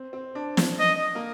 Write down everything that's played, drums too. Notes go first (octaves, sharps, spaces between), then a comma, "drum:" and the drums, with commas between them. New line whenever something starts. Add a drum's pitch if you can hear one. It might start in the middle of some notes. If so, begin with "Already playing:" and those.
Already playing: C4
C4
D4
drum: snare
D#5
A#3